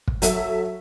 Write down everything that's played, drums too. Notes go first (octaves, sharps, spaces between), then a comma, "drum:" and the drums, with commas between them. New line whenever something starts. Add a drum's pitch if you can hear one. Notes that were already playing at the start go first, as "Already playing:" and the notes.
drum: kick
F#3 A4 E5, drum: hi-hat